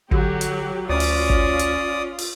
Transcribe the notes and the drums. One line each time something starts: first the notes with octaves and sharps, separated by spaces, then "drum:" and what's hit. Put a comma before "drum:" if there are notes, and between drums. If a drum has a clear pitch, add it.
D3 F#3 G4, drum: kick
drum: hi-hat
D2 C#4 F4 D5 D#6
drum: open hi-hat
drum: kick
drum: hi-hat
drum: open hi-hat